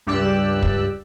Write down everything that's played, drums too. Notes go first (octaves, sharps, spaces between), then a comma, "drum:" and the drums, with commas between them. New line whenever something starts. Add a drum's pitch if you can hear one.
C#2 G2 G4 D5 E6 F#6
drum: kick